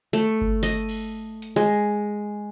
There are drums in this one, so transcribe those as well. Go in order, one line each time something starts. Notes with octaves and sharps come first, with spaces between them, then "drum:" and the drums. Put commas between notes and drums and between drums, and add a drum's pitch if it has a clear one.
A3
drum: kick G1
D#5, drum: snare
drum: cymbal
drum: hi-hat
G#3